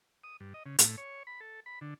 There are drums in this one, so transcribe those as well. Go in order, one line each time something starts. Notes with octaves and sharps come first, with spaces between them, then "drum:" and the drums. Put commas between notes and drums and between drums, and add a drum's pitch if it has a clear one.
D#6
G2
D#5
C#3
A2, drum: hi-hat
C#5
B5
A4
B5
D3